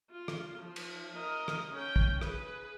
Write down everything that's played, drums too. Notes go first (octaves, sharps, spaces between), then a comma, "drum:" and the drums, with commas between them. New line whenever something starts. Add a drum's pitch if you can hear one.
F4
drum: rim click
F3
drum: cymbal
A#4 D#5
drum: rim click
C#4 G5
drum: kick
G#4 B4, drum: rim click